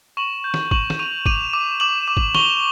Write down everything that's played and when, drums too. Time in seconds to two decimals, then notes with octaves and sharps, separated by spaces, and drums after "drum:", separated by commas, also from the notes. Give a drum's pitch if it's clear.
0.17 C#6 E7 F#7
0.44 G6
0.54 drum: snare
0.71 C#6 E7 F#7, drum: kick
0.90 drum: snare
0.99 C#6 D#7 F7
1.26 D6 D#7 F7, drum: kick
1.53 D6
1.80 D6 E7 F#7
2.08 D6
2.17 drum: kick
2.35 C#6 F7 G7, drum: snare